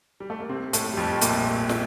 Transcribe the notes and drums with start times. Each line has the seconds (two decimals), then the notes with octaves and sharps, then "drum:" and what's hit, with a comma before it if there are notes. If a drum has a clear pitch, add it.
0.20 G3
0.30 A3
0.40 A#3
0.49 C3 C4
0.73 A2 A3, drum: hi-hat
0.94 G3
0.97 F2 F3
1.21 A#1 A#2, drum: hi-hat
1.69 drum: snare